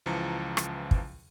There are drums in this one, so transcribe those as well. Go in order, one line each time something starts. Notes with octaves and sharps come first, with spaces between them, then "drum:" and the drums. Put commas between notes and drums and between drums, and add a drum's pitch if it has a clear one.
C#2 E3 F3 A5 A#5 C#7
drum: rim click
drum: kick